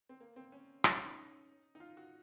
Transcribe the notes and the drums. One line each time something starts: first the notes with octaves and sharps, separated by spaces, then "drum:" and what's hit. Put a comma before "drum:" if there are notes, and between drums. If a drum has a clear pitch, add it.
C4
A#3
C4
C#4
D#4, drum: rim click
C#4
D#4
D#4
F4
F#4